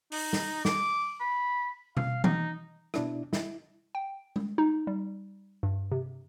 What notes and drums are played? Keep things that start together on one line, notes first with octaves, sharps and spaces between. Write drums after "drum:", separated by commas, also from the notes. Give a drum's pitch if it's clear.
D#4, drum: open hi-hat
drum: snare
D6, drum: snare
B5
F5, drum: tom B2
D#4, drum: tom E3
B2 D4 E4, drum: rim click
E4, drum: snare
G5
drum: tom G#3
D#4
G3
G2
C3